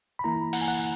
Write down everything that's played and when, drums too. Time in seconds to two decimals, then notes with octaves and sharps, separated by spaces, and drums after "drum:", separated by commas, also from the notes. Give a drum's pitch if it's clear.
0.19 B5
0.24 E3 A#3 E4 A#5
0.53 F#5, drum: cymbal
0.61 G#5
0.68 F#5